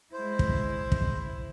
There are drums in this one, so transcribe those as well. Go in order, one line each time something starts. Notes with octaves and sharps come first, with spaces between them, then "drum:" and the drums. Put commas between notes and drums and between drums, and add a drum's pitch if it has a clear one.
G#3 E4 C5
drum: kick
drum: kick